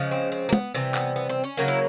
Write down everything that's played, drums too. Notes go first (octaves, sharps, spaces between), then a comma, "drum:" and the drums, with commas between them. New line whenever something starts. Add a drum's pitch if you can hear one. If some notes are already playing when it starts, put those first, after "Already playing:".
Already playing: C#3 F3 G#3
C4
C4
A#3
B3, drum: tom
C3 E3 G3
B3, drum: clap
B3
C4
C#4
C#3 F#3 A#3
E4